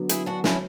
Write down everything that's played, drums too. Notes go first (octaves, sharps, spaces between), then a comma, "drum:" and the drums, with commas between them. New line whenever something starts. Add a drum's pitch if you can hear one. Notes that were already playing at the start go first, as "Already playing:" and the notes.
Already playing: D3 F#3 B3
E4 G#4, drum: hi-hat
D4 F#4
C#4 E4, drum: snare